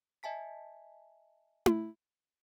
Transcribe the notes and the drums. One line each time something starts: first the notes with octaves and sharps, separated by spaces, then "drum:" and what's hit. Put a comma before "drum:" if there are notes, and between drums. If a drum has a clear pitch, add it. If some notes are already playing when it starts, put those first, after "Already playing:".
D#5 E5 G#5 A5 B6
drum: tom E4